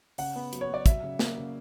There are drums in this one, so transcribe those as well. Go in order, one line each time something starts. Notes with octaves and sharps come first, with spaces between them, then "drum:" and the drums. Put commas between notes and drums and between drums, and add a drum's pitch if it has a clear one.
C#3 F#5, drum: open hi-hat
B3
F#3, drum: hi-hat
C#5
F#3 D5
F#3 E5, drum: kick, hi-hat
C#3
A#3, drum: snare
C#3